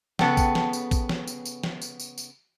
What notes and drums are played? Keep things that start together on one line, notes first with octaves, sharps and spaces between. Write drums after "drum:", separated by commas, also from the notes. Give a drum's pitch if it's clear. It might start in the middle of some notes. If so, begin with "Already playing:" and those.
C#3 B3 A4 G5, drum: snare
drum: kick A1, tambourine
drum: snare
drum: tambourine
drum: kick A1, tambourine
drum: snare
drum: tambourine
drum: tambourine
drum: snare
drum: tambourine
drum: tambourine
drum: tambourine